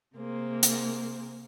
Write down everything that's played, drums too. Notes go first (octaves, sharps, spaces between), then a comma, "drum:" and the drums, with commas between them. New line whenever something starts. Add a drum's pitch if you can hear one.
C3 A#3 G#4 C5
drum: hi-hat